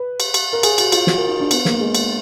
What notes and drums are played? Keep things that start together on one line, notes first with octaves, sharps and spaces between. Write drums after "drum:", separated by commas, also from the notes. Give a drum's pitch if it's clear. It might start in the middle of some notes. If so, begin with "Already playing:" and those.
Already playing: B4
drum: cymbal
drum: cymbal
A#4
G#4, drum: cymbal
F#4, drum: cymbal
F4, drum: cymbal
F#4, drum: snare
A#4
D#4
D4
B3, drum: cymbal
A#3, drum: snare
G#3
drum: cymbal